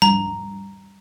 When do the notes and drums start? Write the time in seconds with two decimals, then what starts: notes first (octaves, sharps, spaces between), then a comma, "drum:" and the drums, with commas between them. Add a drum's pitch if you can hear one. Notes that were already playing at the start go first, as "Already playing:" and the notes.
0.02 A#5, drum: tom G3